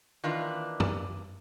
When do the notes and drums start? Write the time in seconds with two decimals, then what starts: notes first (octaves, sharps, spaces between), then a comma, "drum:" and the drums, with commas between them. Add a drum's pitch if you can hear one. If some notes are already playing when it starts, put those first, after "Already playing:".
0.24 D#3 E3 A#3 D4 F4
0.80 drum: tom G2